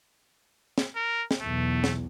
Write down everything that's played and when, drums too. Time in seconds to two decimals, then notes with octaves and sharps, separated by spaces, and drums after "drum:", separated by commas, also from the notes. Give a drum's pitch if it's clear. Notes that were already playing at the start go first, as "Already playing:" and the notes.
0.78 drum: snare
0.95 A#4
1.31 drum: snare
1.41 B1 E2 A3
1.84 drum: snare